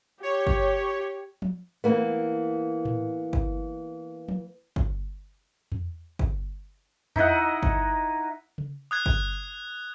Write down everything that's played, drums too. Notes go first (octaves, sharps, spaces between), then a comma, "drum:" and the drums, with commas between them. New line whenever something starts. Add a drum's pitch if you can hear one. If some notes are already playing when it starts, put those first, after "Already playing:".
G4 C#5
drum: kick G1
drum: tom
E3 A#3 B3
drum: tom A2
drum: kick G1
drum: tom
drum: kick G1
drum: tom E2
drum: kick G1
D#4 E4 D#5 F#5, drum: tom E2
drum: kick G1
drum: tom C#3
D#6 F#6 G#6
drum: kick G1